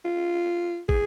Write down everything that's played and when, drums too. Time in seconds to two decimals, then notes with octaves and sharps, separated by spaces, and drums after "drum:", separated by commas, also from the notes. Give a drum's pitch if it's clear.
0.05 F4
0.89 G#4, drum: kick